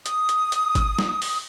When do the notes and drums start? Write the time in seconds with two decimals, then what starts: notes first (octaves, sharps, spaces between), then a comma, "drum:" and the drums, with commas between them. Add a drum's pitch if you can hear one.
0.06 D#6, drum: hi-hat
0.29 drum: hi-hat
0.52 drum: hi-hat
0.75 drum: kick G#1, hi-hat
0.99 drum: snare
1.22 drum: open hi-hat